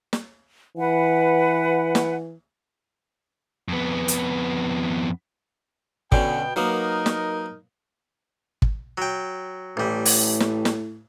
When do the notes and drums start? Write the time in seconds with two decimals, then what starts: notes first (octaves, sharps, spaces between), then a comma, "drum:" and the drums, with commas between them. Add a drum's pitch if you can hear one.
0.13 drum: snare
0.77 E3 B4 F#5
1.95 drum: snare
3.68 F2 B3
4.08 drum: hi-hat
6.12 B2 D3 C#4 G5, drum: kick
6.56 F#3 A#3 B3 D#4 A#4
7.06 drum: snare
8.62 drum: kick
8.98 F#3 G5
9.77 A1 A2 G3
10.05 drum: open hi-hat
10.40 drum: snare
10.65 drum: snare